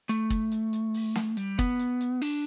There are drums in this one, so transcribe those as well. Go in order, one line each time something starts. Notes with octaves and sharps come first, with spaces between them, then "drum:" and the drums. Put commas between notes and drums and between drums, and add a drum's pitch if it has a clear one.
A3, drum: hi-hat
drum: kick, hi-hat
drum: hi-hat
drum: hi-hat
drum: open hi-hat
drum: snare
G3, drum: hi-hat
B3, drum: kick, hi-hat
drum: hi-hat
drum: hi-hat
D4, drum: open hi-hat